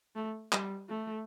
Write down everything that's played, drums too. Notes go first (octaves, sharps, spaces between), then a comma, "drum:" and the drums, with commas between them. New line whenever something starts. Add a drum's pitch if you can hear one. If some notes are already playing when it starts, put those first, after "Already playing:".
A3
G3, drum: clap
A3